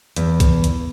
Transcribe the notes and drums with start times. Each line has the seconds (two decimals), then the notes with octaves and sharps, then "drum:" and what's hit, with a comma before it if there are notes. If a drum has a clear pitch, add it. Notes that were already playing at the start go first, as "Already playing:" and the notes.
0.16 E2, drum: hi-hat
0.40 drum: kick, hi-hat
0.64 drum: hi-hat